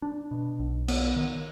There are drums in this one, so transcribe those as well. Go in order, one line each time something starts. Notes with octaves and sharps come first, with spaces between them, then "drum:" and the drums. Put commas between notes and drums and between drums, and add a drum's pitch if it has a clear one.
D4
B2
B1
B3, drum: cymbal
D#3